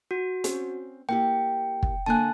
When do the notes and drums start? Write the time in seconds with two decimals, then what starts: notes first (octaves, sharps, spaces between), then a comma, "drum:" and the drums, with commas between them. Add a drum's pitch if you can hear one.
0.11 F#4
0.44 C4 C#4, drum: hi-hat
1.09 A#3 E4 G4 G5
1.83 drum: kick
2.06 D3 A#3 G#5 A5 F#6